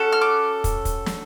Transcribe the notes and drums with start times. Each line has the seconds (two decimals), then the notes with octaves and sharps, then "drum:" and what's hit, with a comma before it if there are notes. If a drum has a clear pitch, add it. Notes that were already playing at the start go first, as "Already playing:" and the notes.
Already playing: C#4 F#4 A4
0.13 F6
0.21 D6
0.64 drum: kick, hi-hat
0.85 drum: kick, hi-hat
1.06 drum: snare